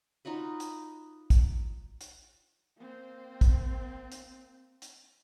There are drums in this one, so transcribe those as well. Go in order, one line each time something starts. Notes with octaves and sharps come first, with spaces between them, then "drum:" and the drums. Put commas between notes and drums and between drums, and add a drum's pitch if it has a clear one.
D#4 F4 F#4 B4
drum: hi-hat
drum: kick, hi-hat
drum: hi-hat
A#3 C4
drum: kick, hi-hat
drum: hi-hat
drum: hi-hat